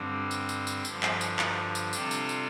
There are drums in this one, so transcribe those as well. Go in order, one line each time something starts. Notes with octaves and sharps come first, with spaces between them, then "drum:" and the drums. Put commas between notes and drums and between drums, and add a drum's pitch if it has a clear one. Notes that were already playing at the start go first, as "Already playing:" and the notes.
Already playing: G2 D3 G3 C4
drum: tambourine
drum: tambourine
drum: tambourine
G2 D3 F3, drum: tambourine
drum: clap
drum: tambourine
drum: clap
drum: tambourine
C3 G3 D4 F4 A4, drum: tambourine
drum: tambourine
drum: tambourine